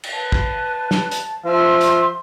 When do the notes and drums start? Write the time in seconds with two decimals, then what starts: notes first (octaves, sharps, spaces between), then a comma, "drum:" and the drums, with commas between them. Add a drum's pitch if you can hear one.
0.03 drum: cymbal
0.14 B4 A5
0.32 drum: kick
0.91 drum: snare
1.11 drum: hi-hat
1.45 F3 C5 E5 C6
1.81 drum: hi-hat